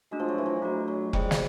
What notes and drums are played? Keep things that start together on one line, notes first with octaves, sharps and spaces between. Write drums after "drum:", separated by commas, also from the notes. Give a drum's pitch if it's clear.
G#3 A3 D4 F#4
F3
F#3
E3
F3
F#3 A3 D4 F#4
F#3
G3 G#4 C5 D#5 G5, drum: kick F1
drum: snare